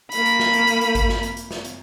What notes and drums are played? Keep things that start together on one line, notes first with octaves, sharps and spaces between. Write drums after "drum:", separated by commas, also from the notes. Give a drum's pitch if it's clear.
A#3 B5, drum: hi-hat
drum: hi-hat
drum: snare
drum: hi-hat
drum: hi-hat
drum: hi-hat
drum: kick G#1, hi-hat
drum: snare
drum: hi-hat
drum: hi-hat
drum: snare
drum: hi-hat